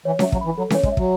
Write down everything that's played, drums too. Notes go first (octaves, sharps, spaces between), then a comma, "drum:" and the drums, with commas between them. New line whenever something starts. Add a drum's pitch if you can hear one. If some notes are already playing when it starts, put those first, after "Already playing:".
E3 C#5
F#3, drum: snare C#4
E5
F#3, drum: kick
E3 B5
F#3 A4
E3, drum: snare C#4
C#5
G#3, drum: kick
E5
F#3, drum: kick